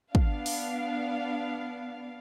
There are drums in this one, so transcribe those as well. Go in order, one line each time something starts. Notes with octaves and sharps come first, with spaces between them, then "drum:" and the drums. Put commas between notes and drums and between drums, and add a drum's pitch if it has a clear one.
B3 D4 F5, drum: kick
drum: open hi-hat